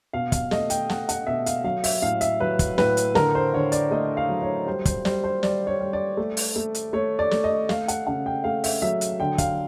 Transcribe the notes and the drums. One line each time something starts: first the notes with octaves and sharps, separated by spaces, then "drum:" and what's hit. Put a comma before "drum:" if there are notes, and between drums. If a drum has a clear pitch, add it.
B2 F5
F5, drum: kick, hi-hat
A3 D#5, drum: snare
G5, drum: hi-hat
A3 F#5, drum: snare
F#5, drum: hi-hat
B2 E5
F5, drum: hi-hat
F#3 F5
E5, drum: open hi-hat
A2 F5
E5, drum: hi-hat
F#3 B4
drum: kick, hi-hat
A2 B4, drum: snare
drum: hi-hat
D3 A#4, drum: snare
C5
D3 C#5
D5, drum: hi-hat
A3 D#5
F5
F#3
C#5
G3 C5
C5, drum: kick, hi-hat
G3 C5, drum: snare
C5
G3 D5, drum: snare
C#5
G3
D5
A3
drum: open hi-hat
A3
drum: hi-hat
A3 C#5
D5
A3, drum: snare
D#5
A3 F5, drum: snare
F#5, drum: hi-hat
C#3 F#5
G5
A3 F5
E5, drum: open hi-hat
F#3 E5
drum: hi-hat
D3 G5
F5, drum: kick, hi-hat